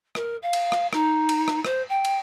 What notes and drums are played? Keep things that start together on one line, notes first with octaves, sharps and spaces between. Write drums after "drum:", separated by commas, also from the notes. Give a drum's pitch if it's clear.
A#4, drum: rim click
F5
drum: cymbal
drum: rim click
D#4, drum: rim click
drum: cymbal
drum: rim click
C5, drum: rim click
G5
drum: cymbal